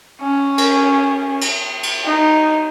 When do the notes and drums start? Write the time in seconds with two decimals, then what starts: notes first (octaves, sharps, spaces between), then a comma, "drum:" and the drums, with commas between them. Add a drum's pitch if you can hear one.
0.21 C#4
0.58 drum: cymbal
1.41 drum: cymbal
1.83 drum: cymbal
2.04 D#4